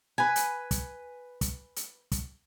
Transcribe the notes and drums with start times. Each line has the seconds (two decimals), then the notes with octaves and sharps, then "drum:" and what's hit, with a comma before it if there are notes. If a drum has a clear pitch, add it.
0.18 B4 G#5
0.36 drum: hi-hat
0.71 drum: kick, hi-hat
1.41 drum: kick, hi-hat
1.76 drum: hi-hat
2.12 drum: kick, hi-hat